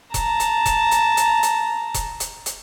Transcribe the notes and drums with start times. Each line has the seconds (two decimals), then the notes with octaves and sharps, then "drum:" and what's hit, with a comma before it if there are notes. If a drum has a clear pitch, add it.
0.14 A5 A#5, drum: kick E1, hi-hat
0.40 drum: hi-hat
0.66 drum: kick E1, hi-hat
0.91 drum: hi-hat
1.17 drum: hi-hat
1.43 drum: hi-hat
1.94 drum: kick E1, hi-hat
2.20 drum: hi-hat
2.46 drum: hi-hat